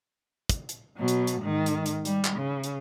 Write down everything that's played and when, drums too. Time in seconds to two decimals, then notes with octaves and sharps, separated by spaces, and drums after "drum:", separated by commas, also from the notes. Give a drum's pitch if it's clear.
0.49 drum: kick, hi-hat
0.69 drum: hi-hat
0.97 B2 F#3
1.08 drum: hi-hat
1.27 drum: hi-hat
1.42 G#2 D#3
1.66 drum: hi-hat
1.86 drum: hi-hat
2.05 G3, drum: hi-hat
2.25 drum: clap
2.37 C#3
2.64 drum: hi-hat